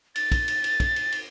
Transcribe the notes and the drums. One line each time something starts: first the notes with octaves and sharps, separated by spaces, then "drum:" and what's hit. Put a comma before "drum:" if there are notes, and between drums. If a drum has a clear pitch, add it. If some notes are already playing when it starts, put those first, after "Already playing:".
A6, drum: cymbal
drum: kick, cymbal
drum: cymbal
drum: cymbal
drum: kick, cymbal
drum: cymbal
drum: cymbal